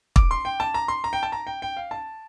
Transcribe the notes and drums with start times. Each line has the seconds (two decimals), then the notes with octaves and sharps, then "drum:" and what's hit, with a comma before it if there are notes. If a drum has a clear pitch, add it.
0.16 D6, drum: kick
0.31 C6
0.45 G5
0.60 A5
0.74 A#5
0.88 C6
1.04 A#5
1.13 G5
1.23 A5
1.32 A#5
1.47 G5
1.62 G5
1.77 F5
1.91 A5